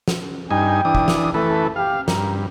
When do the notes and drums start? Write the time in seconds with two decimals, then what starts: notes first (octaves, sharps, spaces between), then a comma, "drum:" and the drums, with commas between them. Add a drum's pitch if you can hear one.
0.08 drum: snare
0.51 G2 D#4 G5 G#5
0.85 E3 D4 D#6
0.95 drum: kick
1.08 drum: snare
1.34 E3 A3 A4 B4
1.76 G4 F5
2.08 G2 A#5, drum: snare